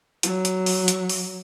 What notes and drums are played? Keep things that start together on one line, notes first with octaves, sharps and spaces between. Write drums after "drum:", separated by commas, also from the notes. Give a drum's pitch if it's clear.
F#3, drum: hi-hat
drum: hi-hat
drum: open hi-hat
drum: hi-hat
drum: open hi-hat